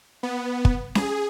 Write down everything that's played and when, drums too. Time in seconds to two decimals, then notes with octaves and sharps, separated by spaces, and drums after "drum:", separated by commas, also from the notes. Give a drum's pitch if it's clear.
0.23 B3
0.65 drum: kick
0.95 G#4, drum: snare C#4